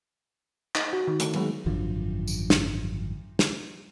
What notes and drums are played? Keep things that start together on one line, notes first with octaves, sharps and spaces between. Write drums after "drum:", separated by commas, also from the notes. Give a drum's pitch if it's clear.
D#4, drum: clap
F#4
D#3
D3 D#3 A3, drum: hi-hat
F#3 G#3 A#3 B3, drum: cymbal
G#1 F#2 D3 F3
drum: tambourine
drum: snare
drum: snare